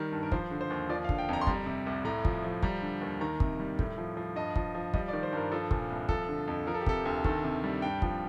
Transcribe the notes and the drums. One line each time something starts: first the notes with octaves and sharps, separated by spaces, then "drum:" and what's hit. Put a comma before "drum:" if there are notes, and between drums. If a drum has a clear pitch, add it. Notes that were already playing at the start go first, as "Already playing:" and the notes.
Already playing: D#3 G3 A#4
G2
A#4
F3 C5, drum: kick
D3
C5
D#2
F3 D5
F5
D3, drum: kick
G5
F2 A#5
C6
G3 A#5, drum: kick
C3
C2
A2 A#5
F3, drum: kick
F3
G3 A#5, drum: kick
D3
D#2
D#3 A#5
C3, drum: kick
G3
A2, drum: kick
F3
F3
G2 D#5
F3, drum: kick
F3
G3 D#5, drum: kick
D5
D#3
C5
G2 A#4
F3 A4
A#2, drum: kick
C2
F3 A4, drum: kick
D3
F2
F3 A#4
A4
G4
C3 A4, drum: kick
D2
D#3 A4, drum: kick
C3
G3
G2 G5
F3, drum: kick